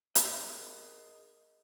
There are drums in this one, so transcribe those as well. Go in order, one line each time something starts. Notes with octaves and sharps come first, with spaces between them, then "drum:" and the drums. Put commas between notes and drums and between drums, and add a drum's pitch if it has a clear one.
G#4 A#4 D#5, drum: hi-hat